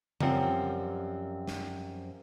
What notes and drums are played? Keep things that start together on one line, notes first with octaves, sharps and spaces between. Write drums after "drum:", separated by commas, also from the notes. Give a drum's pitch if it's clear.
F#2 F3 G3 C4 F#5, drum: tom C#3
drum: snare